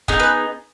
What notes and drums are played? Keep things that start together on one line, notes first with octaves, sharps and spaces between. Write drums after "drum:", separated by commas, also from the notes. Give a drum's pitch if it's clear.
B3 D#4 G#4, drum: kick
B4